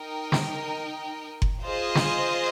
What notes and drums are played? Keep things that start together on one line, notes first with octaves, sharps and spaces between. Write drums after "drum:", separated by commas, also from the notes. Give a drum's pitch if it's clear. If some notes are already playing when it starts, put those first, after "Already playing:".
Already playing: D#4 A#4 D#5 G5
drum: snare
drum: kick F#1
F4 G#4 C5 D#5
drum: snare